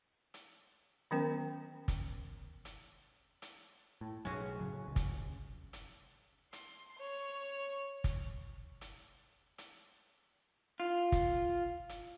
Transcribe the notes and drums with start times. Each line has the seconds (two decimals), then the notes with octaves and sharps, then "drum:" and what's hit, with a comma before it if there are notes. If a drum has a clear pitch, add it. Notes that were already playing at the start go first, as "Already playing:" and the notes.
0.34 drum: hi-hat
1.11 D#3 F#3 B3 C#4 A#4 G5
1.88 drum: kick, hi-hat
2.65 drum: hi-hat
3.42 drum: hi-hat
4.01 A2
4.25 B1 F#2 C#4 F#4 G#4
4.61 A2 C#3 F#3
4.87 F1 C#2
4.96 drum: kick, hi-hat
5.73 drum: hi-hat
6.53 C6, drum: hi-hat
6.98 C#5
8.04 drum: kick, hi-hat
8.81 drum: hi-hat
9.58 drum: hi-hat
10.80 F4
11.12 drum: kick, hi-hat
11.89 drum: hi-hat